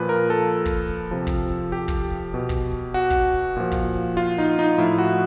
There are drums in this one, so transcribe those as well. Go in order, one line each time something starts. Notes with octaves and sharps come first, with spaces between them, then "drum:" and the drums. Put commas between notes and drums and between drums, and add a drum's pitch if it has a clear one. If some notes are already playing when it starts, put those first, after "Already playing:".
Already playing: A#2 F3 B4
A#4
A4
drum: kick
C3 F3
drum: kick
G4
drum: kick
B2
drum: kick
F#4
drum: kick
A#2 F3
drum: kick
F4
D#4
D#4
A2 F3 E4
F#4